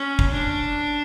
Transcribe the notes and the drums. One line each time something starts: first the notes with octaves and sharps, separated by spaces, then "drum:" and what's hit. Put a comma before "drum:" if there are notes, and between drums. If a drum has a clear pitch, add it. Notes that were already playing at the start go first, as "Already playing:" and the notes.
Already playing: C#4
drum: kick
D4